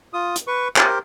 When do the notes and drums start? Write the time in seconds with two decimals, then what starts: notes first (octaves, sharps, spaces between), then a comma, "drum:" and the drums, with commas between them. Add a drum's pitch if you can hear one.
0.13 F4 D#6
0.36 drum: hi-hat
0.47 B4 C#6
0.76 G4 A#4 C5, drum: clap